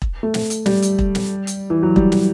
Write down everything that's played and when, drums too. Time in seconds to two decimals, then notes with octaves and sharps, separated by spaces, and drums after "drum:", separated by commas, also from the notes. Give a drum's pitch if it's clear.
0.02 drum: kick E1
0.23 A3
0.34 drum: snare
0.50 drum: hi-hat
0.66 G3, drum: snare
0.82 drum: hi-hat
0.99 drum: kick E1
1.15 drum: snare
1.47 drum: hi-hat
1.70 E3
1.83 F#3
1.96 G3, drum: kick E1
2.12 drum: snare